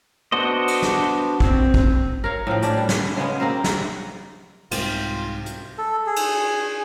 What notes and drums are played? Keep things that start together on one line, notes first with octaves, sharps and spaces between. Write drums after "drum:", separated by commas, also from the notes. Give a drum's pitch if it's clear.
B3 D4 F#4 C5 D#5
drum: cymbal
drum: snare
C4, drum: kick
drum: kick
A#4 C#5 F5
A2 F3 F5 G5
C#4 D4 G4, drum: hi-hat
G3
drum: snare
C#3 G#3 B3 C#4
A#3 C4 A#4 C5
drum: snare
C2 G#2 F3 F4 G4, drum: cymbal
drum: hi-hat
A4
G#4
drum: cymbal